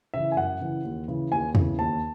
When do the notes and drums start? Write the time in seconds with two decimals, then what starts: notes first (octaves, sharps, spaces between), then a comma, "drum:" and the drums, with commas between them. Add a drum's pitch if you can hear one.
0.14 C#3 E3 E5
0.32 G#5
0.37 F#2 F#5
0.61 C#3 E3
0.84 D#2
1.08 C#3 E3
1.32 D#2 G#5
1.55 C#3 E3, drum: tom E2
1.79 D#2 A5